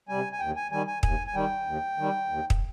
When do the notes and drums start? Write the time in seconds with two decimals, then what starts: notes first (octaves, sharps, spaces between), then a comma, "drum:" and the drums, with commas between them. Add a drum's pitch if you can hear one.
0.09 C3 G3 G#5
0.33 G#5
0.40 D#2 G5
0.56 G#5
0.71 D#3 G3 G#5
0.87 G#5
1.03 D#2 G#5, drum: kick
1.27 G#5
1.34 D#3 G3 G5
1.66 D#2
1.98 D#3 G3
2.29 D#2
2.50 drum: kick